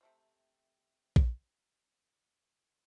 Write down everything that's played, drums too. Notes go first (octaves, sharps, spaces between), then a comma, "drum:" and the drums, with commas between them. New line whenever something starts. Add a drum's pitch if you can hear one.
C3 A3 C4
drum: kick A#1